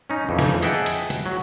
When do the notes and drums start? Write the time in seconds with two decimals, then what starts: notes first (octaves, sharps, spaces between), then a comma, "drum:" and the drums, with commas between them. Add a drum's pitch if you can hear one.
0.10 C#4 D#4
0.29 F2 E3
0.39 drum: snare
0.62 G#4 D#5 E5 F#5 G5 A5, drum: hi-hat
0.86 drum: hi-hat
1.10 drum: hi-hat
1.26 F#3